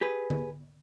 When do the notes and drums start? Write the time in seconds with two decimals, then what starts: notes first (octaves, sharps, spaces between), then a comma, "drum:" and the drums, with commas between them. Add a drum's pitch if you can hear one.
0.01 G4 G#4 B4
0.30 drum: tom D3